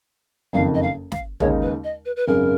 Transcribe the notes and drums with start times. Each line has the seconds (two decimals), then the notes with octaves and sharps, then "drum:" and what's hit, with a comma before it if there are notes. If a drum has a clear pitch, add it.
0.53 F#1 F2 D#3 F5
0.75 D#5
0.82 F5
1.12 F5, drum: snare
1.40 D#2 C#3 G#3 D#4 C#5, drum: tom
1.62 B4
1.84 D#5
2.05 B4
2.16 B4
2.27 G#1 F#2 C#3 A#4